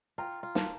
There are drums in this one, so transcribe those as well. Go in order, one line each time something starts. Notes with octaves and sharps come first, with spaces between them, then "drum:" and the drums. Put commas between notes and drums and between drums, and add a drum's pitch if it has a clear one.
F4 G5 A#5
F4
F5 A5, drum: snare